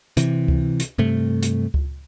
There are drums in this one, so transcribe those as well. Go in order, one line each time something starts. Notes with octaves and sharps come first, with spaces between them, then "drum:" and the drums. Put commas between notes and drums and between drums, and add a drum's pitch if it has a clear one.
C3 E3, drum: hi-hat
drum: kick C#2
drum: hi-hat
G2 C3 A3
drum: hi-hat
drum: kick C#2